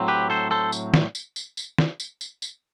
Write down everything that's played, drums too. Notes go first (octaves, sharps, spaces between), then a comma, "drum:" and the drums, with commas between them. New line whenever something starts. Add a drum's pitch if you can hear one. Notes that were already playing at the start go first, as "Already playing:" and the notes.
Already playing: A2 F#3 C4
G4 B4
A4 C5
A4 C5
drum: tambourine
drum: snare
drum: tambourine
drum: tambourine
drum: tambourine
drum: snare
drum: tambourine
drum: tambourine
drum: tambourine